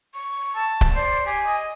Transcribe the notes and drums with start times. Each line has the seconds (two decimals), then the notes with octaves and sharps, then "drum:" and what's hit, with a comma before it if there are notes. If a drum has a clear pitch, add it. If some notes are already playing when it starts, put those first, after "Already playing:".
0.14 C#6
0.56 A5
0.81 drum: kick
0.96 C5 D5
1.26 G4 G#5
1.46 D#5